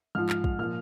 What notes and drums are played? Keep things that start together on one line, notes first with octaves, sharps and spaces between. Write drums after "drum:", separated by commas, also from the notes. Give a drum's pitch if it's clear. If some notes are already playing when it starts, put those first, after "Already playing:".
G#2 F3 F6
F6, drum: clap
drum: kick
A#2 F3 F6